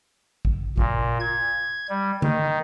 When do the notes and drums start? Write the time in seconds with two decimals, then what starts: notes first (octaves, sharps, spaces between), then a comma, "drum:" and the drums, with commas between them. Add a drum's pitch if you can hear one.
0.45 drum: kick
0.78 A#2, drum: kick
1.20 G#6
1.90 G3
2.22 D#3, drum: tom D3